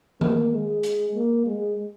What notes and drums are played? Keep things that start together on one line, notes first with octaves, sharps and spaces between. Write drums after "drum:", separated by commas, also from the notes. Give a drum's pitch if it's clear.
A#3, drum: tom D#3
G#3
drum: hi-hat
A#3
G#3